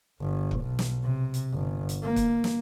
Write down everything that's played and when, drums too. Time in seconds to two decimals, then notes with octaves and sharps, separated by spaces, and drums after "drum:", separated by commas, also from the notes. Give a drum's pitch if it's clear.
0.21 G1
0.51 drum: kick
0.60 B1
0.79 drum: snare
1.04 C3
1.34 drum: hi-hat
1.54 G1
1.89 drum: hi-hat
2.03 A#3
2.16 drum: kick, hi-hat
2.44 drum: snare